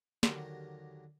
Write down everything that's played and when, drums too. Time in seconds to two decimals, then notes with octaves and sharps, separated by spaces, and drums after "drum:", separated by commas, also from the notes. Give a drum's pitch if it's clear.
0.23 D#2 D3 F#3 G4 A#4 A#5, drum: snare